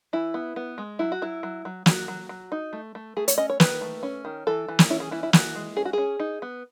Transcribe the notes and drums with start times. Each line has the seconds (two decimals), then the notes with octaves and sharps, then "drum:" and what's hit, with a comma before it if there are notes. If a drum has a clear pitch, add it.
0.13 E3 E4
0.34 B3
0.56 B3
0.78 G#3
0.99 F#3 E4
1.12 F#4
1.22 F#3 E4
1.43 F#3
1.65 F#3
1.86 F#3 F#4, drum: snare
2.08 F#3
2.29 F#3
2.52 D#4
2.73 A3
2.95 A3
3.17 A3 G#4
3.28 C#5, drum: hi-hat
3.38 C#4 D#5
3.50 C#5
3.60 D#3 B4, drum: snare
3.81 A3
4.03 C#4
4.25 D#3
4.47 E3 A4
4.68 E3
4.79 drum: snare
4.90 C#4 E4
5.00 G#4
5.11 E3 E4
5.23 E4
5.33 E3 F#4, drum: snare
5.55 G#3
5.77 C#4 G#4
5.85 F#4
5.93 C#4 G#4
6.20 D#4
6.42 B3